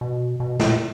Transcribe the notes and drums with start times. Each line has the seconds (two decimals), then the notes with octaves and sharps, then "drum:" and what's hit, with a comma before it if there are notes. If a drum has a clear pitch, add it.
0.01 B2
0.40 B2
0.60 A#2, drum: snare